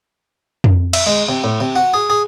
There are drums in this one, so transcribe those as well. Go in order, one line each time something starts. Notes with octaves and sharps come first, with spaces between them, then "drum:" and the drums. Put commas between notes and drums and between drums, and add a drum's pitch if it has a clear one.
drum: tom F2
E5, drum: cymbal
G#3
C3
A2
C3
F#4
G#4
G#4